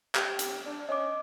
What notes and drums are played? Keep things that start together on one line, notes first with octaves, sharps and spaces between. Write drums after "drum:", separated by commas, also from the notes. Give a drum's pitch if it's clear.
G4, drum: clap
drum: hi-hat
D4
C#4 D#5 D6